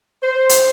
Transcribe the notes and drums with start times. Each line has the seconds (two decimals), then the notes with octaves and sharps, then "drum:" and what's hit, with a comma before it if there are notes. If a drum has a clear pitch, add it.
0.23 C5
0.49 drum: hi-hat